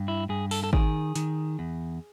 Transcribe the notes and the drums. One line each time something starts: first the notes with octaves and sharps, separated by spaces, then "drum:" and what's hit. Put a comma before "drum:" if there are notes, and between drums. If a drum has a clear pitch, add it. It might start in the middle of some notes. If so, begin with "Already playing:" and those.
Already playing: G2
E4
G2 G#4
A4, drum: open hi-hat
A4
D#3 G#4, drum: kick G#1
D#3, drum: hi-hat
E2